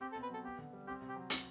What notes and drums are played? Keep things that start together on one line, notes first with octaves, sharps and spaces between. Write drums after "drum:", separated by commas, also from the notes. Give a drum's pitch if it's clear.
C4 G4
A4
B2
B4
F#3 A4
B3 G4
D3
G3
C4 G4
C3
G4
F#3
C4, drum: hi-hat